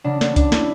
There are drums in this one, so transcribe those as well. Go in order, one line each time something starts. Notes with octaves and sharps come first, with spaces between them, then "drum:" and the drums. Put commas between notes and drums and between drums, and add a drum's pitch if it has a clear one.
C#3 F#3 D4
D4, drum: snare
D4, drum: kick C#2, hi-hat
E4, drum: snare